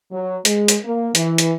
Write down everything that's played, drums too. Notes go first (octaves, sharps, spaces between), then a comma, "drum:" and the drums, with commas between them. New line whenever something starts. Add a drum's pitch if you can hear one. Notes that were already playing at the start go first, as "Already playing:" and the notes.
F#3
G#3, drum: hi-hat
drum: hi-hat
A#3
E3, drum: hi-hat
drum: hi-hat